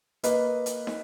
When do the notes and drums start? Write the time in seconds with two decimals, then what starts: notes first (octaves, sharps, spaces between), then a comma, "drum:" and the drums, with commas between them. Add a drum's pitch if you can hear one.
0.23 A#3 B4 D#5, drum: hi-hat
0.66 drum: hi-hat
0.87 drum: snare